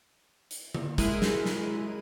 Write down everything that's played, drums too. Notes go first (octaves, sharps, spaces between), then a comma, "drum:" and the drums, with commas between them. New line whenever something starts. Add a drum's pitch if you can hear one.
drum: hi-hat
drum: tom D3
G#3 E4 G#4 A#4 F#6 D#7, drum: kick, hi-hat
drum: snare
drum: snare